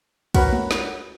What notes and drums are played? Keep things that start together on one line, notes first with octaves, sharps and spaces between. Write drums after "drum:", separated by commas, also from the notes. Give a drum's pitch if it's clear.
F#4 A#4 B4 C#5, drum: kick, cymbal
drum: tom G#3
drum: snare